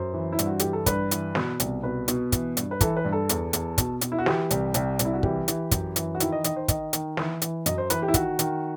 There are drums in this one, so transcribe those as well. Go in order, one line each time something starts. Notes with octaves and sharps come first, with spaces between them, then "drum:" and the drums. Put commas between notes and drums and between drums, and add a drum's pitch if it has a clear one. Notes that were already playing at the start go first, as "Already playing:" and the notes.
Already playing: F#2 C5
E3
E4
G2, drum: hi-hat
F#4
E3 G4, drum: hi-hat
A4
G2 B4, drum: kick, hi-hat
E3, drum: hi-hat
B2, drum: snare
C2, drum: hi-hat
B2 B4
B2, drum: hi-hat
E3, drum: kick, hi-hat
G2, drum: hi-hat
B4
E3 A4, drum: kick, hi-hat
B4
G2
A4
E2, drum: hi-hat
E2, drum: hi-hat
B2, drum: kick, hi-hat
B2, drum: hi-hat
E4
F#4
E3 G4, drum: snare
C2, drum: hi-hat
C2, drum: hi-hat
C2, drum: hi-hat
E4
F#4
E3 G4, drum: kick
E3, drum: hi-hat
F#2, drum: kick, hi-hat
E3, drum: hi-hat
F#4
D#3 E4, drum: hi-hat
D#5
D#3 D#5, drum: hi-hat
C5
D#3 D#5, drum: kick, hi-hat
D#3, drum: hi-hat
E3, drum: snare
E3, drum: hi-hat
F#2 D#5, drum: hi-hat
C5
E3 B4, drum: hi-hat
G4
E4
D#3 F#4, drum: kick, hi-hat
D#3, drum: hi-hat